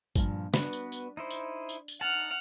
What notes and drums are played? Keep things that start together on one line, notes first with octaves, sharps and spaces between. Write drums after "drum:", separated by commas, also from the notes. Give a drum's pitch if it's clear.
G2 A#2 F3, drum: kick, tambourine
B3 D4 F#4 B4, drum: snare
drum: tambourine
drum: tambourine
D#4 E4 C5
drum: tambourine
drum: tambourine
drum: tambourine
D#4 F#5 A5 F6